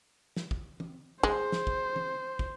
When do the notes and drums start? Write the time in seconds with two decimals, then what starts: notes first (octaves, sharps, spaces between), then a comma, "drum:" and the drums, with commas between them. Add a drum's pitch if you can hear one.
0.37 drum: snare
0.51 drum: kick
0.80 drum: tom
1.23 G#3 C5, drum: kick
1.52 drum: snare
1.67 drum: kick
1.96 drum: tom
2.39 drum: kick